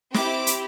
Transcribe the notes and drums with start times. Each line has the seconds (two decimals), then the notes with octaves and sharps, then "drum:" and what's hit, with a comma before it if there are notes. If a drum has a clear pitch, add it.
0.14 C4 E4 G4 D6, drum: snare
0.47 drum: hi-hat